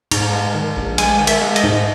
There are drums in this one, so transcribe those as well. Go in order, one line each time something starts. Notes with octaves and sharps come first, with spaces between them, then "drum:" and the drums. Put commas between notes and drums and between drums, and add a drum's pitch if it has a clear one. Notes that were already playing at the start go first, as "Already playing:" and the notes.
G#2 A#5, drum: cymbal
G#3
D#3
A#1
G#3 G#5, drum: cymbal
D#3
E5, drum: cymbal
G#3
D#5, drum: cymbal
G#2